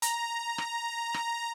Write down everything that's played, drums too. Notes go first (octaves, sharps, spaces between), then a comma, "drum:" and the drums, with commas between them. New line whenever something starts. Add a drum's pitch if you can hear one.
A#5, drum: hi-hat
drum: rim click
drum: rim click